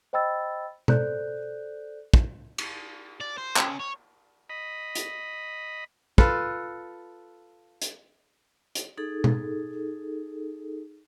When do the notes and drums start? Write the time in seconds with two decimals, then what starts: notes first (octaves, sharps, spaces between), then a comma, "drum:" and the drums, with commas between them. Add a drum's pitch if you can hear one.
0.13 C5 D#5 G5 B5 E6 A6
0.88 A4 C5 D5 F#6 G6, drum: tom B2
2.14 drum: kick
2.58 drum: cymbal
3.21 D5
3.38 C5
3.57 C#3, drum: clap
3.80 C#5
4.49 D#5 B5
4.95 drum: hi-hat
6.18 F4 A4 B4, drum: kick
7.82 drum: hi-hat
8.75 drum: hi-hat
8.98 D#4 G#4 A4
9.24 drum: tom B2